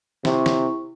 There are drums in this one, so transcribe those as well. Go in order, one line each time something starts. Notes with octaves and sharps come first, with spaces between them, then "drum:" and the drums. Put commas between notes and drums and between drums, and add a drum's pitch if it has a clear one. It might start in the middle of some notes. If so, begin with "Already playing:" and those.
C3 E4 C#6, drum: snare
drum: snare